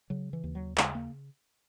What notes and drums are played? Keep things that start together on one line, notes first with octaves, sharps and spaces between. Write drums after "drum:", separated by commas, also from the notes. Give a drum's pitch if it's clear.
C#3 F#3
E3
D#2
F#3
C#3 G#3, drum: clap
A#3